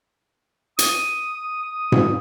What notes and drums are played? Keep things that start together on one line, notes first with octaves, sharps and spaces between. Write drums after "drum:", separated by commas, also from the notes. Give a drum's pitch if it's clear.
D#6, drum: hi-hat
drum: tom G#2